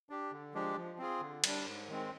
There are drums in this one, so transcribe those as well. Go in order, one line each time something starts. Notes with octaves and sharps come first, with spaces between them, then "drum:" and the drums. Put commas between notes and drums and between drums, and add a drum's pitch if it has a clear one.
D4 G4
D3
F3 G#3 D4 G4
F3
C4 F4 G#4
D3
G3 D4, drum: cymbal
G#2
D#3 G#3 C4